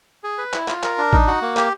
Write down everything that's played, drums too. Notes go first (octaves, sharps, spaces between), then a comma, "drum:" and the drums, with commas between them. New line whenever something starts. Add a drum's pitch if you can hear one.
G#4
B4
E4, drum: clap
F4, drum: clap
A#4, drum: clap
D4
D#4, drum: kick
F#4
A#3
G4, drum: clap